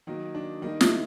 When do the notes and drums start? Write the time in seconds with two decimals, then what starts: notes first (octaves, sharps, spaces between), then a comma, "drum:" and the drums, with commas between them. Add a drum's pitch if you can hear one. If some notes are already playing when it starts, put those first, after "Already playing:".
0.07 D#3 F#3 A#3 D#4
0.35 D4
0.62 D#3 G3 A#3 D#4
0.81 E4, drum: snare